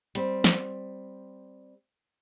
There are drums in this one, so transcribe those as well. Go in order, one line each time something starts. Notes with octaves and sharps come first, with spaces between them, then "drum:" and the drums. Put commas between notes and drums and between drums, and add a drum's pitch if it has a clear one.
G3 C4, drum: hi-hat
drum: snare